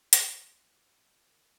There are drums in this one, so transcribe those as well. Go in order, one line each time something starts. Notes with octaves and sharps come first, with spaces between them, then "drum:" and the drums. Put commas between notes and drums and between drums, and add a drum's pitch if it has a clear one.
C6, drum: hi-hat
F#4
A#4
A#4